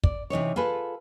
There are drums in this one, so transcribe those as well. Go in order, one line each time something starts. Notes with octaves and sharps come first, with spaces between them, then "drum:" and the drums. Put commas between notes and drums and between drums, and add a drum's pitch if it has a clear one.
D5, drum: kick
C3 E3 D#4 C#5
F4 G#4 A4 B4